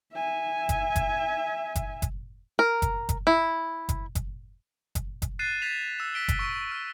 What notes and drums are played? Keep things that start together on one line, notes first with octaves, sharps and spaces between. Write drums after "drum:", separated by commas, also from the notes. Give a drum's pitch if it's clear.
E5 G#5
drum: kick F#1, hi-hat
drum: kick F#1, hi-hat
drum: kick F#1, hi-hat
drum: kick F#1, hi-hat
A#4
drum: kick F#1, hi-hat
drum: kick F#1, hi-hat
E4
drum: kick F#1, hi-hat
drum: kick F#1, hi-hat
drum: kick F#1, hi-hat
drum: kick F#1, hi-hat
F#6 A6 C7 D#7 E7
G#6 A6 B6 C7 E7 F7
E6 E7
B6 D7 G7
drum: kick F#1, hi-hat
C#6 E6 D7
F6